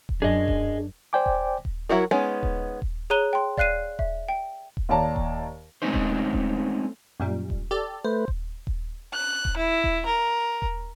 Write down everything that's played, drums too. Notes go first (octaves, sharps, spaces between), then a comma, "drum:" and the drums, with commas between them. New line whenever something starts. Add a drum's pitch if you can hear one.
drum: kick D#1
F#2 D4 G#4 D#5
drum: kick D#1
C5 D5 G5 G#5 D6
drum: kick D#1
drum: kick D#1
F#3 E4 F#4 A#4
G#3 B3 C#4 D#4
drum: kick D#1
drum: kick D#1
G#4 C#5 A#5 F#6 D#7 G7
G5 C6
D5 F5 F#6 C7 D#7, drum: kick D#1
E5, drum: kick D#1
G5
drum: kick D#1
D#2 C#5 D5 F5 A5 A#5
drum: kick D#1
G#3 A3 C4 C#4 D#4 C5
drum: kick D#1
drum: kick D#1
F#2 A#2 G3
drum: kick D#1
G4 A4 D5
A3 B4 C5
drum: kick D#1
drum: kick D#1
F#6
drum: kick D#1
E4
drum: kick D#1
A#4
drum: kick D#1